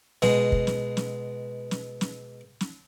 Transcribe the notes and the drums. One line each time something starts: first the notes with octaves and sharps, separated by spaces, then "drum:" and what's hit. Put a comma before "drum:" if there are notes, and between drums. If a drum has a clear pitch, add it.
B2 G#3, drum: snare
drum: kick
drum: snare
drum: snare
drum: snare
drum: snare
drum: snare